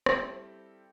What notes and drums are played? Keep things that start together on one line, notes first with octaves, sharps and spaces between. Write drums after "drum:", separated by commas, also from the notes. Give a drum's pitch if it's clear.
G3 C4 E4 G4 A4, drum: rim click